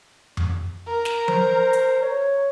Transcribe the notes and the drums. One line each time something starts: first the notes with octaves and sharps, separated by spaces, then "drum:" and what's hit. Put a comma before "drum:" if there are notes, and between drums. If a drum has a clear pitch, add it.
drum: tom F2
A#4 A#5
drum: snare
C5, drum: tom F3
drum: hi-hat
C#5